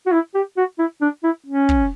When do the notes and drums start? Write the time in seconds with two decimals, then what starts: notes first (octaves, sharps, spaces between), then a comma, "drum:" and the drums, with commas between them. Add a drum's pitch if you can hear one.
0.06 F#4
0.12 E4
0.35 G4
0.57 F#4
0.79 E4
1.01 D4
1.24 E4
1.46 C#4
1.69 drum: kick